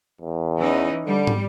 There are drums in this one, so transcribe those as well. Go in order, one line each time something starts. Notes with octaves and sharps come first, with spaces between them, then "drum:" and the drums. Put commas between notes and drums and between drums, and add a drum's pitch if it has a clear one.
E2
E3 C#4 D#4
D3 G3
drum: tom